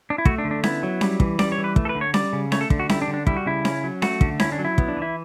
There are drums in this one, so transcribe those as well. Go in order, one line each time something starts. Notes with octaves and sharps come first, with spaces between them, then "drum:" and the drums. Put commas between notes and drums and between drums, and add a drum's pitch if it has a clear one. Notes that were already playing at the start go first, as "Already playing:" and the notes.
D4
E4
A3 F#4, drum: kick
D4
D3
D4
B3 E4, drum: snare C#4
F#3
G3, drum: snare C#4
E3, drum: kick
G3 D5, drum: snare C#4
C#5
E3
B4
A3, drum: kick
A4
B4
D3
C#5
G3 D5, drum: snare C#4
C#3
A3 C#5, drum: snare C#4
A4
D3, drum: kick
F#4
G3 E4, drum: snare C#4
D4
D3
D4
G3 E4, drum: kick
F#4
C#3 E4
C#4, drum: snare C#4
F#3
A3 F#4, drum: snare C#4
D3, drum: kick
C#4 E4, drum: snare C#4
D4
F#3
E4
B3, drum: kick
D4
E3
E4